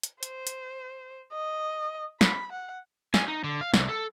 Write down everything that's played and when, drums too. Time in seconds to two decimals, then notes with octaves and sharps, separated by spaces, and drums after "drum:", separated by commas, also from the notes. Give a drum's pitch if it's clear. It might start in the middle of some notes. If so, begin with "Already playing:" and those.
0.03 drum: hi-hat
0.23 C5, drum: hi-hat
0.47 drum: hi-hat
1.32 D#5
2.21 B5, drum: snare
2.52 F#5
3.14 G#5, drum: snare
3.28 D#4
3.44 D3
3.61 F5
3.74 C2, drum: snare
3.89 A4